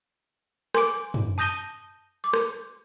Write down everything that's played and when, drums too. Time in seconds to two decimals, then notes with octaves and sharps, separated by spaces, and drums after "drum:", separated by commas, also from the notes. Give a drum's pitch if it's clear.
0.74 G#5 C6 D6 D7, drum: rim click
1.14 drum: tom F#2
1.38 A5 D#6 G6 A#6 D#7 G7
2.24 D6
2.33 drum: rim click